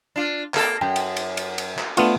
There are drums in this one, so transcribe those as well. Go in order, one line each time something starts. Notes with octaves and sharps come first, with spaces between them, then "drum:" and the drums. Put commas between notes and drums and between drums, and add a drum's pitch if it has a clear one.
D4 F4
A#3 A4, drum: clap
F#2 G5
drum: cymbal
drum: cymbal
drum: cymbal
drum: cymbal
drum: clap
A3 B3 D4 F4, drum: cymbal